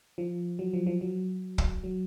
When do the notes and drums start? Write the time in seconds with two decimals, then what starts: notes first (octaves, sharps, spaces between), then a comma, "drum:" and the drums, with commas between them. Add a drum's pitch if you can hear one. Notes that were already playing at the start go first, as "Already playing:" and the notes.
0.18 F3
0.59 F#3
0.73 F3
0.87 F3
1.01 F#3
1.58 drum: kick
1.84 F#3